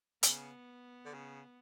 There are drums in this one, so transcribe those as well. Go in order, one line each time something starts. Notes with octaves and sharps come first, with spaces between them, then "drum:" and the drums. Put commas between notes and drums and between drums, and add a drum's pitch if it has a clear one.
C#3 B3, drum: hi-hat
D3
C#3